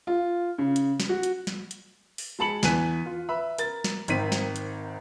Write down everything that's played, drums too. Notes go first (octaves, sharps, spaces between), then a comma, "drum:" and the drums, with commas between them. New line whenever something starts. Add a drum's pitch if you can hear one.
F4
C#3
drum: hi-hat
drum: snare
F#4
drum: hi-hat
drum: snare
drum: hi-hat
drum: open hi-hat
G#3 G#4 A5 B5 C#7 F#7
E2 E3 G#5 F#6 B6 D#7, drum: snare
F4
B4 E5 B5
A#4 A6, drum: hi-hat
drum: snare
G#1 D#3 C4 B6 D#7, drum: hi-hat
drum: snare
drum: hi-hat